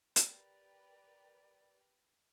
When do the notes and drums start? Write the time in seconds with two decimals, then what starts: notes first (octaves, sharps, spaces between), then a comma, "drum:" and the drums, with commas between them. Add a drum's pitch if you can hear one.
0.16 G4 A#4 B4 D5, drum: hi-hat